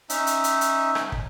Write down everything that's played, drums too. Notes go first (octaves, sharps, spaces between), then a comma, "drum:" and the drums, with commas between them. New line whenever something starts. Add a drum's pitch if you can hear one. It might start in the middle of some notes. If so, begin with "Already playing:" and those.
C#4 D#4 E5, drum: hi-hat
drum: hi-hat
drum: hi-hat
drum: hi-hat
drum: rim click
drum: kick